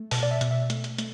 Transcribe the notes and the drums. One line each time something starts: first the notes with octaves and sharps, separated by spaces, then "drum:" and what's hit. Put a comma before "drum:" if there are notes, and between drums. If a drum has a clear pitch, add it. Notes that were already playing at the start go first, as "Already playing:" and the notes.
Already playing: A3
B2 A5, drum: open hi-hat
D5
E5
B2, drum: hi-hat
E5
A3, drum: hi-hat
drum: hi-hat
A3, drum: hi-hat